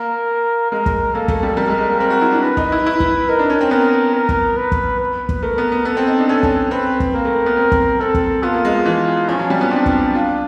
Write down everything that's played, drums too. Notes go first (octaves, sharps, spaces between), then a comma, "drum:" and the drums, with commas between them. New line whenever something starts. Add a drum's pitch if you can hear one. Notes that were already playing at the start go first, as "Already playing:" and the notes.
Already playing: A#3 A#4
G#3 A#4
drum: kick
A#3 A4
A3, drum: kick
G3
G3 A#4
G#3
G#3
A#3
C4 A#4
F#4
E4
D4
B4
D#4, drum: kick
E4
E4
drum: kick
D#4 A#4
D4
C#4
C4
B3 A#4
A#4
drum: kick
B4
drum: kick
B4
drum: kick
A3 A#4
B3
B3
B3 A4
C4
D#4
D4
C#4 A4
drum: kick
C4 B4
drum: kick
A#3 A#4
A3
A#3
B3
C4
drum: kick
C4 A4
drum: kick
B3 F4
A#3
G#3
F3
E3
F3 C#4
F#3
G3
B3
C4 D4
drum: kick
F4